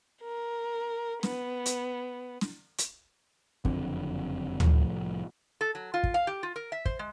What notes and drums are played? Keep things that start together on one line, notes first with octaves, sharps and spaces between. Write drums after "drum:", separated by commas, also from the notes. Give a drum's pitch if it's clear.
A#4
B3, drum: snare
drum: hi-hat
drum: snare
drum: hi-hat
F#1 F2 D3 C4, drum: kick
C2 A2 F3 A3, drum: tom D2
A4
F#3
F4
drum: kick
F5
G4
F4
A#4
E5
C5, drum: kick
G#3